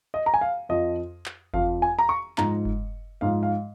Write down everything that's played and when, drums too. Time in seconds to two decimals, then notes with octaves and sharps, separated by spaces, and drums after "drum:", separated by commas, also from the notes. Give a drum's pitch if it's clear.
0.14 D#5
0.26 A#5
0.34 G#5
0.41 F5
0.69 F2 F3 D#5
1.26 drum: clap
1.54 F2 F3 F5, drum: kick F#1
1.82 G#5
1.99 A#5
2.09 C#6
2.38 G#2 F3 A#5, drum: clap
2.65 drum: kick F#1
3.21 G#2 F3 F5
3.43 F5